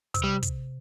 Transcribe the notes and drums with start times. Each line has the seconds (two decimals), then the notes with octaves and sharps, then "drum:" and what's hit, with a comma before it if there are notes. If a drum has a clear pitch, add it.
0.14 C3, drum: kick, hi-hat
0.24 G3
0.43 drum: kick, hi-hat